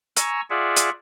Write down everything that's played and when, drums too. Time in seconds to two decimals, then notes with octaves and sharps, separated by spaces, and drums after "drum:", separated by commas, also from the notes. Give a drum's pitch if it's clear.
0.17 G#5 A#5 C#6 E6, drum: hi-hat
0.50 F4 G#4 D5 E5 F#5
0.76 drum: hi-hat